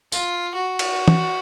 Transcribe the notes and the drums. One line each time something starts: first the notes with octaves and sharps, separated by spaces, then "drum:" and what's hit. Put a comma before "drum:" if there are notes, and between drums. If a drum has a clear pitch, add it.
F4, drum: tambourine
F#4
drum: cymbal
drum: tom